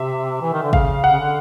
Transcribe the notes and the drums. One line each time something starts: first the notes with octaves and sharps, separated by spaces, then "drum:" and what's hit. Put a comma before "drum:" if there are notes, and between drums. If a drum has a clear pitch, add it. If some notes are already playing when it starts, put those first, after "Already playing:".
Already playing: C3 E5
E3
D#3
D3
C#3 F5, drum: kick
F#5
C#3
D3